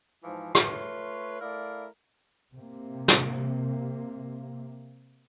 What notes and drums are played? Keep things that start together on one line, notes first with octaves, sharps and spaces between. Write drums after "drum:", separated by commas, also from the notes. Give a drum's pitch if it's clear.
G#2 E3 F3
A3 F4 B4 C#5, drum: rim click
A3 E4 A#4 D5 F5
C3 A#3
drum: snare